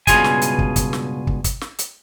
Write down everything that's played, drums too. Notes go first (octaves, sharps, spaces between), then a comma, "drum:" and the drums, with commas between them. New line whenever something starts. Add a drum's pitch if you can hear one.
C#2 G2 B2 F4 G#4 G#5, drum: kick, hi-hat
drum: snare
drum: hi-hat
drum: kick
drum: kick, hi-hat
drum: snare
drum: kick
drum: kick, hi-hat
drum: snare
drum: hi-hat